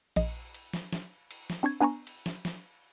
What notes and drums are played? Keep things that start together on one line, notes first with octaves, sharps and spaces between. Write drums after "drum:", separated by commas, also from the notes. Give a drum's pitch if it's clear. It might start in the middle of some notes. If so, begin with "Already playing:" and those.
A#1 D#5, drum: cymbal
drum: cymbal
drum: snare
drum: snare
drum: cymbal
drum: snare
C4 D4 C#6 G#6
B3 D4 G#5 A#5 C#6
drum: cymbal
drum: snare
drum: snare